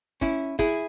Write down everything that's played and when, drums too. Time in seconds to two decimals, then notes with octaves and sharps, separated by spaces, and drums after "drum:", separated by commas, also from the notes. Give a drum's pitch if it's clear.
0.21 C#4 E4, drum: kick
0.59 E4 G#4, drum: kick